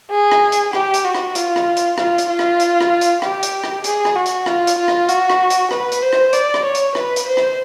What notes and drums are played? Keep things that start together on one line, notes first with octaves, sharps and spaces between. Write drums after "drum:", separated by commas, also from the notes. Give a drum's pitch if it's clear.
G#4
drum: rim click
drum: hi-hat
G4, drum: rim click
drum: hi-hat
F#4
drum: rim click
F4, drum: hi-hat
drum: rim click
drum: hi-hat
F4, drum: rim click
drum: hi-hat
F4
drum: rim click
drum: hi-hat
drum: rim click
drum: hi-hat
G4, drum: rim click
drum: hi-hat
drum: rim click
G#4, drum: hi-hat
drum: rim click
F#4
drum: hi-hat
F4, drum: rim click
drum: hi-hat
F4
drum: rim click
F#4, drum: hi-hat
drum: rim click
drum: hi-hat
B4, drum: rim click
drum: hi-hat
C5
drum: rim click
D5, drum: hi-hat
drum: rim click
C#5
drum: hi-hat
B4, drum: rim click
drum: hi-hat
C5
drum: rim click